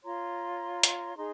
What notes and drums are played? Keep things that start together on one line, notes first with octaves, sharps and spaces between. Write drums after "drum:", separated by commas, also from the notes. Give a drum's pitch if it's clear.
F4 C#5 A#5 C6
drum: hi-hat
D#4 G#4 A#5 C6